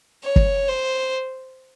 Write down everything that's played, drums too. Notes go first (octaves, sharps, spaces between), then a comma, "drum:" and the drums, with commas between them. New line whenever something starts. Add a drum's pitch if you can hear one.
C#5
drum: kick
C5